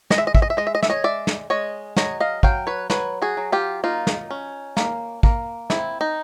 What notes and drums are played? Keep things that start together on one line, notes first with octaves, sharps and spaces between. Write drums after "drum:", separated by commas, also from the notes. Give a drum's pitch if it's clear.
G#3 D#5, drum: snare
E5
D#5
E5, drum: kick
D#5
E5
G#3 D#5
E5
D#5
E5, drum: snare
C#5 D#5
G#3 D5 E5
drum: snare
G#3 C#5 D#5
F#3 C#5 D#5, drum: snare
D#5 F5
F#3 F5 G5, drum: kick
B4 C#5
F#3 B4 C#5, drum: snare
F#4 G#4
F#3
F4 G4
A#3 D#4 F4
drum: snare
C#4
A#3, drum: snare
A#3, drum: kick
C4 E4, drum: snare
D#4